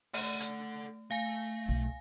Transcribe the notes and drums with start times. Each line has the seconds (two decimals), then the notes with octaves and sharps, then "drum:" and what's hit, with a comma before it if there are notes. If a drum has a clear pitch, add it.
0.14 A3 A4 F#5, drum: open hi-hat
0.40 drum: hi-hat
1.11 A3 F5 G#5 A#6
1.68 B1